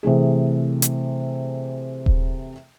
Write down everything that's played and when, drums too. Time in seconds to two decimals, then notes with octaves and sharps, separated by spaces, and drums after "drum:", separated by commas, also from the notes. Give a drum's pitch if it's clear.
0.03 C3 E3 A3 G#4
0.82 drum: hi-hat
2.06 drum: kick D#1